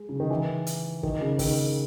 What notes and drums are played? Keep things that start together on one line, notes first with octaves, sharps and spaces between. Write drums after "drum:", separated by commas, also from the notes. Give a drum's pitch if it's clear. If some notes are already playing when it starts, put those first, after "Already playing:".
Already playing: G#3
C#3
D#3
E3
drum: hi-hat
D#3, drum: kick
C#3
D#3, drum: kick, open hi-hat